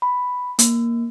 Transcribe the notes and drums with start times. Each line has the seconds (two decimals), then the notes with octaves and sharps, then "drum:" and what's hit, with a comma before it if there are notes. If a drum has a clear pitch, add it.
0.02 B5
0.59 A#3, drum: hi-hat